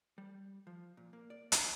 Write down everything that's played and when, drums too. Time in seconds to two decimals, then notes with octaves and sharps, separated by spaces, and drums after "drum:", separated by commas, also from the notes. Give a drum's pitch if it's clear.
0.18 G3
0.67 F3
0.97 A#2
1.13 A#3
1.30 D5
1.52 D4, drum: hi-hat